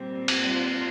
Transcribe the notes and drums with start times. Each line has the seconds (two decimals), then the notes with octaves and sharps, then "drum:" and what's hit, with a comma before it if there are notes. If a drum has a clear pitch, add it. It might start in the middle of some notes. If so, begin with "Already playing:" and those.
Already playing: A#2 G3 C4
0.28 drum: cymbal
0.50 F4